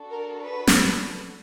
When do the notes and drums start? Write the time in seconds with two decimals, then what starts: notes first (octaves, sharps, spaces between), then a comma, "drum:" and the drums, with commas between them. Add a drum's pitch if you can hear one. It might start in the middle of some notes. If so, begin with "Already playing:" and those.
Already playing: D4 F#4 A4
0.10 A#4
0.44 B4
0.67 drum: snare